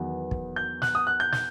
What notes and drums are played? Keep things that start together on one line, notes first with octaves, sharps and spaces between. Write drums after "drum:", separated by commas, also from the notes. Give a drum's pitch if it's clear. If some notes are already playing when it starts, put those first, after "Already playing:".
Already playing: E2 D#3 F#3 B3
drum: kick
G6
F#6, drum: snare
D#6
F#6
G6
G6, drum: snare